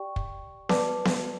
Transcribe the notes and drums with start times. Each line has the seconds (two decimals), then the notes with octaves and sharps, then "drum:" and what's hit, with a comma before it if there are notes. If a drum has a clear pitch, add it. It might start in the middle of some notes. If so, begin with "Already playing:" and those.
Already playing: G4 D5 G5 C#6
0.16 drum: kick
0.69 B4 D5 A5 D6, drum: snare B3
1.05 drum: snare B3